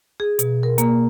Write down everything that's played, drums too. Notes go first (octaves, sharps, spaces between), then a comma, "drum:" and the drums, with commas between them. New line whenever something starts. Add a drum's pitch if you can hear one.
G#4
B2, drum: hi-hat
A#4
A#3, drum: hi-hat